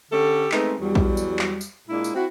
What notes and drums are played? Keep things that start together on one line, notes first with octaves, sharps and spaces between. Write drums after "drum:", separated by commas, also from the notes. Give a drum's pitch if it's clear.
D3 C#4 G4 A4
G#3 A3 B3 C4 D#4, drum: clap
E2 F#3 G3
drum: kick
drum: tambourine
drum: clap
drum: tambourine
A#2 G#3 A#3 D4 E4
drum: tambourine
C4 E4 F#4